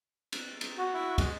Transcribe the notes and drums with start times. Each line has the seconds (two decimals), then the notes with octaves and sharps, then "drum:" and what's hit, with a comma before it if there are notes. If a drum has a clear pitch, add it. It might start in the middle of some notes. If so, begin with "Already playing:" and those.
0.32 drum: cymbal
0.61 drum: cymbal
0.77 F#4
0.94 E4
1.18 G#3, drum: kick, cymbal